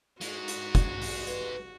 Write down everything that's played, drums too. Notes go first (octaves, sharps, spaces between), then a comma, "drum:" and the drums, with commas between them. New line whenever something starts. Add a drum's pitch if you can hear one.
G#3 D#4 F#4, drum: hi-hat
drum: hi-hat
drum: kick, hi-hat
drum: open hi-hat
B4, drum: hi-hat